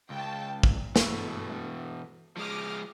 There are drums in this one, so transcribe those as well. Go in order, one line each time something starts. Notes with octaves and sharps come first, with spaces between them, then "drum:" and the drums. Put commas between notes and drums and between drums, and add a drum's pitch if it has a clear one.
C#2 G5 A5
A#1 A#2, drum: kick
G2 B2 E3 A3, drum: snare
F3 G#3 D6 D#6 F6